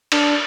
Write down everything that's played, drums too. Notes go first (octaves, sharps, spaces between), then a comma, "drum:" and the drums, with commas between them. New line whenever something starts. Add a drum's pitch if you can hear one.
D4, drum: cymbal